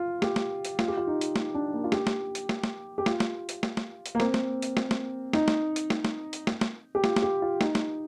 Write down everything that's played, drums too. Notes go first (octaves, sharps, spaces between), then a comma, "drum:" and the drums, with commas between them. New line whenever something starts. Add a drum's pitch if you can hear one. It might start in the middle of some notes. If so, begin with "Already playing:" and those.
Already playing: F4
G4, drum: snare
drum: snare
drum: hi-hat
F4, drum: snare
G4
F4
D#4
drum: hi-hat
D#4, drum: snare
D4
A#3
F4
G4, drum: snare
drum: snare
drum: hi-hat
drum: snare
drum: snare
G4
F4, drum: snare
drum: snare
drum: hi-hat
drum: snare
drum: snare
drum: hi-hat
A#3
C4, drum: snare
drum: snare
drum: hi-hat
drum: snare
drum: snare
D#4, drum: snare
drum: snare
drum: hi-hat
drum: snare
drum: snare
drum: hi-hat
drum: snare
drum: snare
G4
F4, drum: snare
F4, drum: snare
G4
F4
D#4, drum: snare
drum: snare